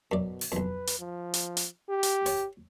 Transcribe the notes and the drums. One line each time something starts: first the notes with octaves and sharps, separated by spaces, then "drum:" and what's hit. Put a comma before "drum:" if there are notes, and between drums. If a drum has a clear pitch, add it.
F#2 B2 D5
drum: open hi-hat
B1 F2 B4
drum: hi-hat
F3
drum: hi-hat
drum: hi-hat
G4
drum: hi-hat
C#5, drum: open hi-hat